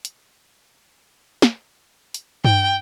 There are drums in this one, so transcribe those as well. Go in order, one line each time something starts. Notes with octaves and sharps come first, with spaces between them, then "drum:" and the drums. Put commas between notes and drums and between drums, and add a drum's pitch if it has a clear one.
drum: hi-hat
drum: snare
drum: hi-hat
G5, drum: tom G2